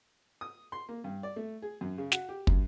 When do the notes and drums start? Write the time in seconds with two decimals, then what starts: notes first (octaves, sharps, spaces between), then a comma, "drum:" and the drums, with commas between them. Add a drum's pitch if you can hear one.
0.41 D#6
0.72 C6
0.89 A#3
1.04 G2
1.23 D5
1.36 A3
1.62 G#4
1.81 F#2
1.98 C#3
2.12 F#4, drum: snare
2.29 G4
2.47 F#2, drum: kick